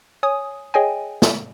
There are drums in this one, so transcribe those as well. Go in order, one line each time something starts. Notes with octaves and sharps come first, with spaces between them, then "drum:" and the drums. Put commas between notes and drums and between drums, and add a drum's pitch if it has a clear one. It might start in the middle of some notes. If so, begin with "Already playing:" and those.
C#5 G#5 D#6
G#4 C#5 D#5 G5 G#5
drum: snare